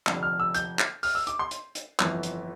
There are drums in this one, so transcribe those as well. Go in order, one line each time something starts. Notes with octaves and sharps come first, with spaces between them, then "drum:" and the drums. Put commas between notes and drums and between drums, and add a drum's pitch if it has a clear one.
F1 F2 D3, drum: clap
F6
E6
G6, drum: hi-hat
drum: clap
F6, drum: open hi-hat
E6
D6, drum: hi-hat
C6
drum: hi-hat
drum: hi-hat
G1 F2 E3, drum: clap
drum: hi-hat